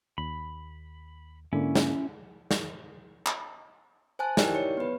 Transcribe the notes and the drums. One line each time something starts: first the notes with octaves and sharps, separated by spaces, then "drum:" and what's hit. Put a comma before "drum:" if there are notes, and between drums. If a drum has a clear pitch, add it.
D#2 B5
G#2 D3 A#3 C#4 E4
drum: snare
drum: snare
drum: clap
C5 G#5 A5 F#6
D#4 E4 G4 A#4 D5, drum: snare
C#5 C#7
B3 B4